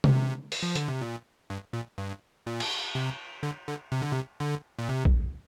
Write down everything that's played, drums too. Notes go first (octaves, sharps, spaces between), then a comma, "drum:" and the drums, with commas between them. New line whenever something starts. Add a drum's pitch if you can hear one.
C3, drum: tom C3
drum: open hi-hat
F3
D3, drum: hi-hat
C3
A#2
G2
A#2
G2
A#2
drum: cymbal
C3
D3
D3
C3
D3
C3
D3
A#2
C3
drum: kick A#1